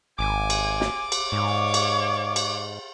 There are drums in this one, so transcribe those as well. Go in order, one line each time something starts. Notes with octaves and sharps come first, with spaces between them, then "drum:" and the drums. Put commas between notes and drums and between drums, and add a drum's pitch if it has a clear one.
G#1 G#5 D6
drum: cymbal
drum: snare
drum: cymbal
G#2 C#5 D5 F5
drum: cymbal
drum: cymbal